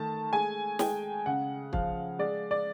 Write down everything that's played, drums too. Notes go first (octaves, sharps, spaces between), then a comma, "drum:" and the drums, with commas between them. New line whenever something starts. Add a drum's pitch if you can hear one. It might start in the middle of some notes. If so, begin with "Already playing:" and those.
Already playing: D#3 A3 A5
G#3 G#5
G#3 G5, drum: snare
C#3 F#5
F3 F5, drum: kick
G#3 D5
D5